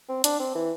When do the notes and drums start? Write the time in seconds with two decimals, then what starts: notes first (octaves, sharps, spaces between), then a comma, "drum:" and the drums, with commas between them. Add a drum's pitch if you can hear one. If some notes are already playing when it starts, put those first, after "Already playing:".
0.09 C4
0.24 D4, drum: hi-hat
0.40 C4
0.55 E3